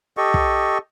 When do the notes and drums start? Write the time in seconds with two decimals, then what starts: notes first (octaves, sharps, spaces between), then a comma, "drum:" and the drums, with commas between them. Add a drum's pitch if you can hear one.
0.17 G4 A4 D#5 C#6
0.34 drum: kick